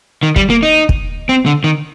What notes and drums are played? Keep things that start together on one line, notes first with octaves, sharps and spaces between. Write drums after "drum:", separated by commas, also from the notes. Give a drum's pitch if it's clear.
D#3
G3, drum: kick
A#3
D#4
drum: kick
C4
D3
D#3